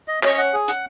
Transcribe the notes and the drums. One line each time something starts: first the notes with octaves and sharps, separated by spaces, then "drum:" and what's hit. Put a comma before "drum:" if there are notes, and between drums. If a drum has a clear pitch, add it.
D#5
C#4 C#5 D#5, drum: clap
F#5
G#4
F#5, drum: hi-hat